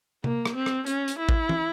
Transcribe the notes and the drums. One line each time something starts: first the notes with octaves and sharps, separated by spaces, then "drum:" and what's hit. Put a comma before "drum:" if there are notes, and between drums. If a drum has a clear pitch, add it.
A#3, drum: tom C3
drum: rim click
C4
drum: rim click
C#4, drum: hi-hat
drum: hi-hat
E4
drum: kick A1
drum: tom